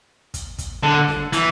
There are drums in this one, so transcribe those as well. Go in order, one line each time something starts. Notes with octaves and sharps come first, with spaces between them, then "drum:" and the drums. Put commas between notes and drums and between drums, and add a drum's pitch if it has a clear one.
drum: kick, hi-hat
drum: kick, hi-hat
D3
drum: snare
E3, drum: hi-hat